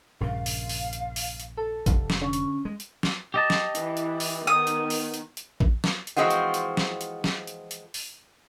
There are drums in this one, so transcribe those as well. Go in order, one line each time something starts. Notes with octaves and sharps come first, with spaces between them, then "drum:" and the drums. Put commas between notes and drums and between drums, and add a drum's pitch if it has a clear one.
A#1 G2 C#3 F5
drum: open hi-hat
drum: open hi-hat
drum: hi-hat
drum: open hi-hat
drum: hi-hat
A4
F1, drum: kick A1, hi-hat
drum: snare
D3 C#4 C#6
drum: hi-hat
G#3
drum: hi-hat
drum: snare
G4 D#5 A5
drum: snare
E3 E4, drum: hi-hat
drum: hi-hat
drum: open hi-hat
D#3 B3 D#6
drum: hi-hat
drum: open hi-hat
drum: hi-hat
drum: hi-hat
drum: kick A1
drum: snare
drum: hi-hat
E3 F3 G#3 C4 F4 F#4
drum: hi-hat
drum: hi-hat
drum: snare
drum: hi-hat
drum: snare
drum: hi-hat
drum: hi-hat
drum: open hi-hat